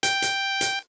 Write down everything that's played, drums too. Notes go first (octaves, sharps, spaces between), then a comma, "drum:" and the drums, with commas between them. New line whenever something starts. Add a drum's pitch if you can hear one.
G5, drum: hi-hat
drum: hi-hat
drum: hi-hat